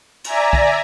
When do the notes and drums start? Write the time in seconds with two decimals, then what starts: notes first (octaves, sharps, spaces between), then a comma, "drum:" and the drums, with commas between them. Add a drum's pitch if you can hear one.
0.24 D5 E5 G#5 A#5, drum: cymbal
0.53 drum: kick